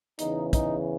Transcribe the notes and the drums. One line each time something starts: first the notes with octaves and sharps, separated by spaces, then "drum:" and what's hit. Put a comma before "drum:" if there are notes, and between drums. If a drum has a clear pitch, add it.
E2 C#3 E3 D#4, drum: hi-hat
D#4, drum: kick, hi-hat